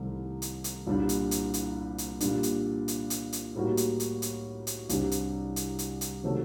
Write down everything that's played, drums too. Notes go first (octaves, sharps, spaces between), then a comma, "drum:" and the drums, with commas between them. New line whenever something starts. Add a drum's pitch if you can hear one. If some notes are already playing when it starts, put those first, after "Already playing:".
Already playing: C2 C3 D#3 A3
drum: hi-hat
drum: hi-hat
C2 A#2 G3 D4
drum: hi-hat
drum: hi-hat
drum: hi-hat
drum: hi-hat
A#2 G3 D4, drum: hi-hat
drum: hi-hat
drum: hi-hat
drum: hi-hat
drum: hi-hat
A2 G3 A#3 D#4 F#4
drum: hi-hat
drum: hi-hat
drum: hi-hat
drum: hi-hat
C2 C3 G3 D4 G4, drum: hi-hat
drum: hi-hat
drum: hi-hat
drum: hi-hat
drum: hi-hat
C3 D#3 F#3 A3